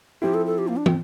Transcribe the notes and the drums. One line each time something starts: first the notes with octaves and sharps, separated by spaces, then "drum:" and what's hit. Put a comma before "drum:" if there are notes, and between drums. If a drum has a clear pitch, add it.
F3 C4 E4 G4
A4
A4
G4
A#3
D4
C4, drum: tom